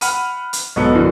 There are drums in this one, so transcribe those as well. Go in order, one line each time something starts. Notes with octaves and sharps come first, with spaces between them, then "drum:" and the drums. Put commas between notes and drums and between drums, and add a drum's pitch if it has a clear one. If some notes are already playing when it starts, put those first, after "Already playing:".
F#5 B5 F6 D#7, drum: hi-hat
drum: hi-hat
B1 G#2 B3 A4 C#7
F#2 D3 E3